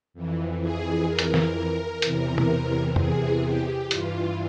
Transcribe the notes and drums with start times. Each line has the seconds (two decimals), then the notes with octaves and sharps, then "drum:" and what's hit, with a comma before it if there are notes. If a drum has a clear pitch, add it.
0.14 F2 E3
0.62 G#4
1.08 A#4
1.19 drum: hi-hat
1.34 drum: snare
2.02 E2 C3 E3, drum: hi-hat
2.38 drum: tom
2.96 G#4, drum: tom F2
3.44 G4
3.91 G2 E3 F4, drum: hi-hat